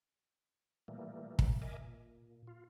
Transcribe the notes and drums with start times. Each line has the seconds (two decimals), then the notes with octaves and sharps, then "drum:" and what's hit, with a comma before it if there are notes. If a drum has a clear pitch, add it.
0.88 A#2 E3 G3 A3 A#3
1.39 drum: kick
1.62 A#4 D#5 E5 G#5 D6
1.82 A#2
2.47 F4